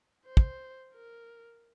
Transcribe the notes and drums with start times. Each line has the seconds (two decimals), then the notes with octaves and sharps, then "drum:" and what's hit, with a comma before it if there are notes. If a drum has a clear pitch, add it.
0.27 C5
0.37 drum: kick
0.95 A#4